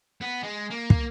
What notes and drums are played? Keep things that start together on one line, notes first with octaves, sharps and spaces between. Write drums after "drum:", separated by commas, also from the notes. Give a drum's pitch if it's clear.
B3
G#3
A#3
drum: kick